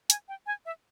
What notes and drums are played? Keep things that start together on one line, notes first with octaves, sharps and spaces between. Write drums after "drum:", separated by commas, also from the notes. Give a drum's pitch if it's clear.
G#5, drum: hi-hat
G5
G#5
E5